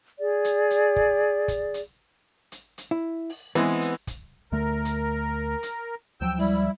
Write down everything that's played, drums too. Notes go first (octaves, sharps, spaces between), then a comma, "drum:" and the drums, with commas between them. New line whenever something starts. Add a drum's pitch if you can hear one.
G#4 D5
drum: hi-hat
drum: hi-hat
drum: kick
drum: kick, hi-hat
drum: hi-hat
drum: hi-hat
drum: hi-hat
E4
drum: open hi-hat
E3 G#3 B3 C4, drum: hi-hat
drum: hi-hat
drum: kick, hi-hat
D2 D3 A3 A#4
drum: hi-hat
drum: hi-hat
D2 F3 F#3 G5 E6
G3 E4, drum: open hi-hat